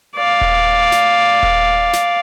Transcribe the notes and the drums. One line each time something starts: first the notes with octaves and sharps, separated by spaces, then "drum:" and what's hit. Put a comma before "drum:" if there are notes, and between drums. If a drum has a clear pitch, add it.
D5 F5
drum: kick D#1
drum: snare
drum: kick D#1
drum: snare